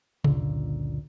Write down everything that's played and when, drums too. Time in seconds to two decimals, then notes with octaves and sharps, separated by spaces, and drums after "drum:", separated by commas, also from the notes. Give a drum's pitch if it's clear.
0.24 F#1 C#2 A#2 D3, drum: tom C3